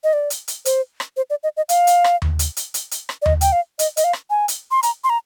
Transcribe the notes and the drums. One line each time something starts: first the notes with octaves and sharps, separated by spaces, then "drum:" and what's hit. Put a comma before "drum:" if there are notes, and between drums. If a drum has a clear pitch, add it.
D#5
D5
drum: hi-hat
drum: hi-hat
C5, drum: hi-hat
drum: rim click
C5
D5
D#5
D#5
F5, drum: hi-hat
drum: hi-hat
drum: rim click
drum: tom D#2
drum: hi-hat
drum: hi-hat
drum: hi-hat
drum: hi-hat
drum: rim click
D5
D#5, drum: tom D#2
G5, drum: hi-hat
F5
D#5, drum: hi-hat
D#5, drum: hi-hat
F5
drum: rim click
G#5
drum: hi-hat
C6
A#5, drum: hi-hat
C6
A#5